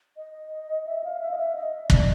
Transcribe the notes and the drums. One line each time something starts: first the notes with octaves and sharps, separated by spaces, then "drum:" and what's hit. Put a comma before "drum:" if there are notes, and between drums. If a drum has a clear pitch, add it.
D#5
E5
F5
E5
D#5
E5
D#5
D#5
D5, drum: kick